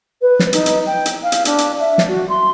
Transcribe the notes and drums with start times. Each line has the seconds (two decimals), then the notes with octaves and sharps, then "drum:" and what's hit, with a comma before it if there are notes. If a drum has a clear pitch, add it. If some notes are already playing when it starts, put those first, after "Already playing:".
0.21 B4
0.39 drum: snare
0.53 D#4, drum: hi-hat
0.66 drum: hi-hat
0.86 G5
1.06 drum: hi-hat
1.23 F5
1.32 drum: hi-hat
1.45 D4, drum: hi-hat
1.58 drum: hi-hat
1.79 E5
1.98 drum: snare
2.08 F#4
2.29 C6